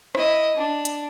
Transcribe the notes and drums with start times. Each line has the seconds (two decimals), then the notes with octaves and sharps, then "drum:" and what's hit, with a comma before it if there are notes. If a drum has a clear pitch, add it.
0.15 E4 D#5, drum: rim click
0.56 D4
0.85 drum: hi-hat